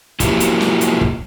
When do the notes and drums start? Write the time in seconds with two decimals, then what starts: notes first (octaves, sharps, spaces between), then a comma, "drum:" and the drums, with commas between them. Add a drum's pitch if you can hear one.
0.20 F3 F#3 A#3 E4 F4 G4, drum: kick, hi-hat
0.40 drum: hi-hat
0.61 drum: snare
0.81 drum: hi-hat
1.01 drum: kick